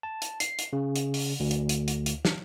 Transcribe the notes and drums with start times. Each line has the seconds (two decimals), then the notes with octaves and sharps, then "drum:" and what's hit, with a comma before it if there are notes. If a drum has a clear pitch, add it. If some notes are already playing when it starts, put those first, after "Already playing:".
0.03 A5
0.22 drum: hi-hat
0.40 C7, drum: hi-hat
0.59 drum: hi-hat
0.73 C#3
0.96 drum: hi-hat
1.14 drum: open hi-hat
1.40 D2
1.51 drum: hi-hat
1.69 drum: hi-hat
1.88 drum: hi-hat
2.06 drum: hi-hat
2.25 drum: snare